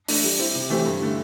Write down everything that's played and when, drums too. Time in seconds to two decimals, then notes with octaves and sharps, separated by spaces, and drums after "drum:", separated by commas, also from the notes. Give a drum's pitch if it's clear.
0.08 A3 D4, drum: open hi-hat
0.24 G3
0.39 C4 E4
0.55 C3
0.70 E3 A3 C4 G4
0.85 G2
1.02 D3 A3